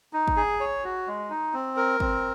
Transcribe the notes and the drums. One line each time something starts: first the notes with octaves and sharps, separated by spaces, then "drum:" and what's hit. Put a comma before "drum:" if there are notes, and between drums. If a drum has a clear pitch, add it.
D#4
drum: kick
G#4
C#5
F#4
G#3
D#4
C4
A#4
C4, drum: kick